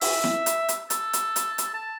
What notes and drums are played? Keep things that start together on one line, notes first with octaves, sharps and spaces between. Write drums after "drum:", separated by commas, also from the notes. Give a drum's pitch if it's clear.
E5, drum: open hi-hat
drum: snare E4
drum: hi-hat
drum: hi-hat
A4, drum: hi-hat
drum: hi-hat
drum: hi-hat
drum: hi-hat
A5